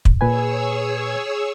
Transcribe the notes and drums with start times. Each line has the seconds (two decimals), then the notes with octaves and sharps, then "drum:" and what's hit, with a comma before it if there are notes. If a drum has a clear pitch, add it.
0.05 drum: kick
0.21 A#2 G#4 B4 C#5 G#5 E6